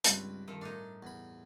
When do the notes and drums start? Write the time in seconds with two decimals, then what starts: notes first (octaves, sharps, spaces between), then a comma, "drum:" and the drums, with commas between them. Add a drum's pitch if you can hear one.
0.04 C#2 G2 C4 B4 B5, drum: hi-hat
0.48 D#3 F3 A4
0.61 A2 D4 D#4
1.03 E2 B5